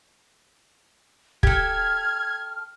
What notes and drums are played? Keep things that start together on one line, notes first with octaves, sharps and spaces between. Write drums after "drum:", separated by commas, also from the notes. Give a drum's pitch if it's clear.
G4 A4 F6 G#6, drum: kick